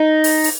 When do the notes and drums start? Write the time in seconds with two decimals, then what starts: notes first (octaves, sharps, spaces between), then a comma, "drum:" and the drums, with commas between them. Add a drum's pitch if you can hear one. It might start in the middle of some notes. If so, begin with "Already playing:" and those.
Already playing: D#4
0.24 drum: open hi-hat
0.44 drum: open hi-hat